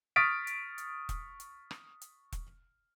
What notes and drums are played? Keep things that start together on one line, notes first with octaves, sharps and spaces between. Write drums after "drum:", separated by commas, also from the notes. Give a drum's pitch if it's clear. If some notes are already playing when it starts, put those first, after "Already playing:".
C#6 D#6 F6 A6 B6 D7
drum: hi-hat
drum: hi-hat
drum: kick E1, hi-hat
drum: hi-hat
drum: rim click
drum: hi-hat
drum: kick E1, hi-hat